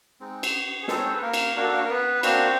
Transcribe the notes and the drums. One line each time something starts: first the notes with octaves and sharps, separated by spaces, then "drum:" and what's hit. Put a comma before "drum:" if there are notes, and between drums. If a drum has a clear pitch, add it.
G#3 C4 D#4
drum: cymbal
G#4
G#3 C4 D#4 A4, drum: snare
C#5
C5
B4
A#3 A#4
drum: cymbal
A#3 D4 F#4 A#4
A4
A#3 A#4
A#4
B3 B4
A#3 C4 D4 F#4 C5, drum: cymbal